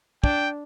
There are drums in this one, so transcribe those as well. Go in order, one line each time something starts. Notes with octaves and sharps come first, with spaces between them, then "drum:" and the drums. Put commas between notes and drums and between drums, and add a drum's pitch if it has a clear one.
D4 G5, drum: kick